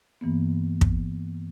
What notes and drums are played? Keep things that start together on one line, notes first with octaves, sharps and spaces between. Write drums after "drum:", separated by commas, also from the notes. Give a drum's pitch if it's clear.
G2 E3 A#3 B3
drum: kick